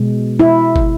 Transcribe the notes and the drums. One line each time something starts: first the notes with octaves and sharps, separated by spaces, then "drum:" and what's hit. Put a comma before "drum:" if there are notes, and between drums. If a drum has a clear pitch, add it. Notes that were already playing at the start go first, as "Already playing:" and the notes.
Already playing: B2 G#3
E4
drum: kick